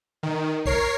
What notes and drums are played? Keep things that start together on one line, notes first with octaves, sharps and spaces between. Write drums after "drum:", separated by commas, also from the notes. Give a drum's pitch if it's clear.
D#3
A#4 C#5 C7, drum: kick A1